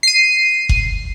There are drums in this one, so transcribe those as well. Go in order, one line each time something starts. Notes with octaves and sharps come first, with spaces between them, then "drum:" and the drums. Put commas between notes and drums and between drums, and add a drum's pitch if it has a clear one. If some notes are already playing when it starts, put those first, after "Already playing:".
C7 D#7
drum: kick F#1